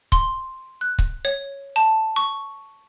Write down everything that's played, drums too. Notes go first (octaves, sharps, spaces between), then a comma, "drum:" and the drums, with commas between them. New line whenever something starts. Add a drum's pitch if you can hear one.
C6, drum: kick C#1
F#6
drum: kick C#1
C#5
A5
C#6